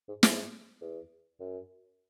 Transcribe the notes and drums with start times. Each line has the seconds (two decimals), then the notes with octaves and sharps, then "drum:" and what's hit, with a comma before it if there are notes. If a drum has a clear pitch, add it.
0.08 G#2
0.23 G#2, drum: snare
0.81 E2
1.40 F#2